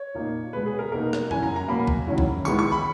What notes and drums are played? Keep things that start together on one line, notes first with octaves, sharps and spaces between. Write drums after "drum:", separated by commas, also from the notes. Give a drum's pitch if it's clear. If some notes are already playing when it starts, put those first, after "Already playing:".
Already playing: C#5
A#2 A#3 D#4
B2 G#3 B3 B4
G#4
A#4
B2 A#3 D#4 A#4
drum: rim click
F#3 C#4 E4 G#5, drum: tom F2
A#5
A#5
B2 F#3 A#3 B5
drum: kick
D#3 F#3 C#4 E4
drum: kick
D#3 G#3 B3 E4 C#6, drum: tambourine
C#6
B5